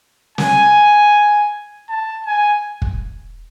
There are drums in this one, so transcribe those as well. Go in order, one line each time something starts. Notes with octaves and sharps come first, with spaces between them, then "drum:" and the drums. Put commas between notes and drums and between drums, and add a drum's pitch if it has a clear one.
G#5, drum: snare
A5
G#5
drum: kick